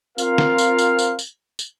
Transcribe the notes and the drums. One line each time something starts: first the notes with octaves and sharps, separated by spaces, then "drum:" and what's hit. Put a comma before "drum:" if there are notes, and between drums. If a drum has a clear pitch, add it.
C4 F4 A#4 F5, drum: tambourine
drum: snare
drum: tambourine
drum: tambourine
drum: tambourine
drum: tambourine
drum: tambourine